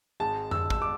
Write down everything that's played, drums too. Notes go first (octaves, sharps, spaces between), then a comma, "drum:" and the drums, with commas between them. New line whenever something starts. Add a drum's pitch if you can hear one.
G#1 G#2 G#3 A5
E6, drum: tom F2
E6, drum: kick
D6